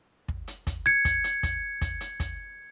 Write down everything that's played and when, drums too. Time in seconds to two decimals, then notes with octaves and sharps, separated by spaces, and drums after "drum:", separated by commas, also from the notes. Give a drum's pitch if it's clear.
0.28 drum: kick
0.48 drum: hi-hat
0.67 drum: kick, hi-hat
0.86 G#6 C#7
1.05 drum: kick, hi-hat
1.24 drum: hi-hat
1.43 drum: kick, hi-hat
1.81 drum: kick, hi-hat
2.01 drum: hi-hat
2.20 drum: kick, hi-hat